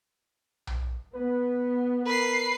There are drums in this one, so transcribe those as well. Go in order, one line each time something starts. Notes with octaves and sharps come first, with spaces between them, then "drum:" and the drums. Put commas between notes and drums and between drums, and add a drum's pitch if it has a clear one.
drum: tom B1
B3 B4
A#4 B4 C7